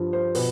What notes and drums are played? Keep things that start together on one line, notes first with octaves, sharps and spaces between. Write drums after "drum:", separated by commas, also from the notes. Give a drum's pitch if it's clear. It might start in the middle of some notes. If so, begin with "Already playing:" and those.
Already playing: G2 F3
C5
B2 B4, drum: open hi-hat